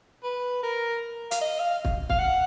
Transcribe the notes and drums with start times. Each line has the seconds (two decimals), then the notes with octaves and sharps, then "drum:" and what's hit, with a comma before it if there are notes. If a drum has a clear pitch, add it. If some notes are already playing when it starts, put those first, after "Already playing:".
0.23 B4
0.63 A#4
1.31 F5, drum: hi-hat
1.41 D#5
1.60 F5
1.85 drum: kick
2.10 F5, drum: kick
2.19 F#5